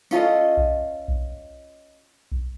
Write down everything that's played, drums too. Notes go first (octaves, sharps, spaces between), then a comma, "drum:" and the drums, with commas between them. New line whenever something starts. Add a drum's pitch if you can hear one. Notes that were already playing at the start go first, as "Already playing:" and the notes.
C#4 F4 A4 D#5, drum: tambourine
drum: kick B1
drum: kick B1
drum: kick B1